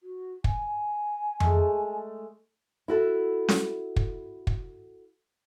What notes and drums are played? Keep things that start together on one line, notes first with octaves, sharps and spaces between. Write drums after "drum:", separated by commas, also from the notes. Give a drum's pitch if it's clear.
F#4
G#5, drum: kick
G#3 A3, drum: tom F2
E4 F#4 A4
drum: snare C#4
drum: kick
drum: kick